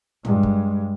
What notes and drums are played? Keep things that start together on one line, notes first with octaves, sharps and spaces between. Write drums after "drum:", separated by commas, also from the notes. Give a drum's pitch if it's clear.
G2 G#3, drum: tom
drum: kick